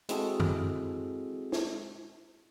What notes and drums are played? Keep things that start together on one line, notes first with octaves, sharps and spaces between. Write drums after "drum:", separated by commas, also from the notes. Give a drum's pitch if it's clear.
G#3 C4 E4 F#4 G#4 A4, drum: hi-hat
drum: tom F#2
drum: snare